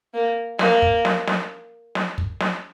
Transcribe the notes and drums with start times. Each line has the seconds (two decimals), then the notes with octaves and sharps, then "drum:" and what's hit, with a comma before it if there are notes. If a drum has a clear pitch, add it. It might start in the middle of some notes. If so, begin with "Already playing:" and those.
0.14 A#3
0.59 A#3, drum: snare
0.82 drum: kick
1.05 drum: snare
1.27 drum: snare
1.95 drum: snare
2.18 drum: kick
2.40 drum: snare